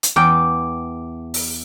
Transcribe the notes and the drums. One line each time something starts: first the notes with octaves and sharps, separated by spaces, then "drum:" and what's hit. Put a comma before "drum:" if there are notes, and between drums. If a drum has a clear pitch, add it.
drum: hi-hat
E2 G5 D6
drum: open hi-hat